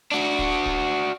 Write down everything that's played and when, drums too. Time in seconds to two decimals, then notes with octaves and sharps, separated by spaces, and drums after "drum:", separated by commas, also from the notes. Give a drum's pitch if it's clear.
0.12 D4 F#4
0.39 drum: kick
0.66 drum: kick